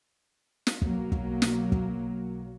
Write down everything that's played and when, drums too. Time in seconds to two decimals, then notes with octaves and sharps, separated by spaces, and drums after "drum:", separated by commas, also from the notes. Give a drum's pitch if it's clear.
0.67 drum: snare
0.82 B1 F#3 A#3, drum: kick
1.12 drum: kick
1.42 drum: snare
1.72 drum: kick